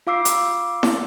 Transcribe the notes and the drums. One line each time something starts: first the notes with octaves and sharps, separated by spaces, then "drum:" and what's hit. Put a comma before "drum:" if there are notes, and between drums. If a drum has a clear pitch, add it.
F4 F5 D6 E6 C7
drum: hi-hat
drum: snare E4